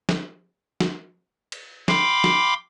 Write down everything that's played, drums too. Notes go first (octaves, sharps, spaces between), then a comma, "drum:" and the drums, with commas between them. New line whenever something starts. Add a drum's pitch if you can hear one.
drum: snare
drum: snare
drum: cymbal
F5 G5 B5 C6 D6, drum: snare
drum: snare